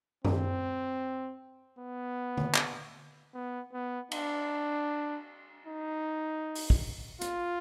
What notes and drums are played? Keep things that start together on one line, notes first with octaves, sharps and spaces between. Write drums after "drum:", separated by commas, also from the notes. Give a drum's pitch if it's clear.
C4, drum: tom F#2
B3
drum: tom D3
drum: clap
B3
B3
D4, drum: cymbal
D#4
drum: open hi-hat
drum: kick
F4, drum: hi-hat